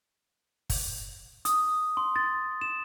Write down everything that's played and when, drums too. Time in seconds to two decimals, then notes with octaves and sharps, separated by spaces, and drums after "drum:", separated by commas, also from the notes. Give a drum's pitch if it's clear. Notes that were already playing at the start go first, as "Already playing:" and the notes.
0.70 drum: kick, open hi-hat
1.45 D#6, drum: hi-hat
1.97 C6
2.16 A6
2.61 E7